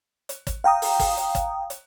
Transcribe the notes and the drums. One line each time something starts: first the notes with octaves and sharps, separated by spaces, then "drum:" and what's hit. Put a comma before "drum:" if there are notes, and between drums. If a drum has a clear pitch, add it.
drum: hi-hat
drum: kick, hi-hat
F5 G5 A#5 D#6
drum: open hi-hat
drum: kick, open hi-hat
drum: hi-hat
drum: kick, hi-hat
drum: hi-hat